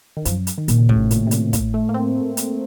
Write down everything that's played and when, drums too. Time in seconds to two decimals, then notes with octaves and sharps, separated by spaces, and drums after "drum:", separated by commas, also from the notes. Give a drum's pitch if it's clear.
0.17 D#3
0.25 F#2 F3, drum: hi-hat
0.47 drum: hi-hat
0.58 D#3
0.68 A#2, drum: hi-hat
0.78 C#3
0.89 A2 C3, drum: kick
1.11 A#2, drum: hi-hat
1.27 C3
1.31 A#2, drum: hi-hat
1.53 A#2, drum: kick, hi-hat
1.74 A3
1.89 A#3
1.94 C4
2.37 drum: hi-hat